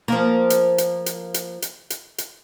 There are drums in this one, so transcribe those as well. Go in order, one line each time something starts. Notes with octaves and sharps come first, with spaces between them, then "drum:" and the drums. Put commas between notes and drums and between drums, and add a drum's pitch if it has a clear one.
F3 A#3
drum: hi-hat
drum: hi-hat
drum: hi-hat
drum: hi-hat
drum: hi-hat
drum: hi-hat
drum: hi-hat